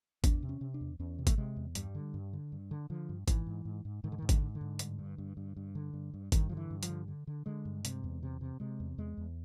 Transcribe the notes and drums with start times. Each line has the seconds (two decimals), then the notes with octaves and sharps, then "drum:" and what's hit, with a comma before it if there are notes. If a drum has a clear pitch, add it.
0.24 E2 D4, drum: kick G#1, hi-hat
0.43 C3
0.49 C#4
0.61 C3
0.74 D4
0.81 E2
0.99 E2 C#4
1.19 C3
1.27 A3, drum: kick G#1, hi-hat
1.38 C3 G#3
1.56 E2
1.75 G2 G3, drum: hi-hat
1.95 D3
2.14 G2
2.33 D3
2.52 G2
2.71 D3
2.90 D3 F3
3.09 G2
3.28 G#2 E3, drum: kick G#1, hi-hat
3.46 G#2
3.65 G#2
3.85 G#2
4.04 G#2 D#3
4.12 D3
4.18 D#3
4.22 G#2
4.29 D3, drum: kick G#1, hi-hat
4.42 G#2
4.55 D3
4.61 G#2
4.79 G2, drum: hi-hat
4.99 G2
5.18 G2
5.37 G2
5.56 G2
5.75 D3
5.94 G2
6.14 G2
6.32 G2 D#3, drum: kick G#1, hi-hat
6.49 D3 F3
6.57 E3
6.70 G2
6.83 F3, drum: hi-hat
6.89 D3
7.08 D3
7.27 D3
7.46 D3 G#3
7.65 G2
7.85 C3, drum: hi-hat
8.04 E2
8.23 C3
8.41 C3
8.60 C3 G#3
8.80 E2
8.98 E2 G#3
9.17 E2